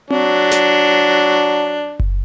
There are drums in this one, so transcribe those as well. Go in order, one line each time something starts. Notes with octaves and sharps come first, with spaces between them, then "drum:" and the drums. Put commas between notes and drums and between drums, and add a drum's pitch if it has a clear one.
F#3 D4, drum: tom C4
drum: snare
drum: kick F#1